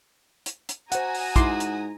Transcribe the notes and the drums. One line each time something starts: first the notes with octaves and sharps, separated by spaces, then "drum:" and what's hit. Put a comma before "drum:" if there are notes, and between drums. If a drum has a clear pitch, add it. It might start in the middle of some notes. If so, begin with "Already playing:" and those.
drum: hi-hat
drum: hi-hat
F#4 C5 F#5 G#5 A#5 D#6, drum: hi-hat
drum: open hi-hat
G#2 E4 C6 D6, drum: kick, hi-hat
drum: hi-hat